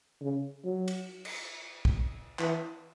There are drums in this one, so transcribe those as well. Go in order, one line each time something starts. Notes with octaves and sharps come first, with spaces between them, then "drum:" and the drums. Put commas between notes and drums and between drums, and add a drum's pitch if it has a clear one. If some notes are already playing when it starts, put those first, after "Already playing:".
C#3
F#3
drum: cymbal
drum: cymbal
drum: kick
E3, drum: clap